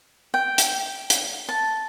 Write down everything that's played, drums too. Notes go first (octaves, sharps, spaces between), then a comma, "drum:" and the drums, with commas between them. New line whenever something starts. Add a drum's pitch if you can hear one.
G5
drum: hi-hat
drum: hi-hat
A5